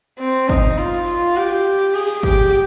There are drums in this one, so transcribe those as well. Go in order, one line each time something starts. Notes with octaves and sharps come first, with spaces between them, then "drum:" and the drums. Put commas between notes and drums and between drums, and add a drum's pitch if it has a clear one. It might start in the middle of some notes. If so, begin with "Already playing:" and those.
C4
D#4, drum: kick
F4
F4
G4
G#4, drum: cymbal
G4, drum: kick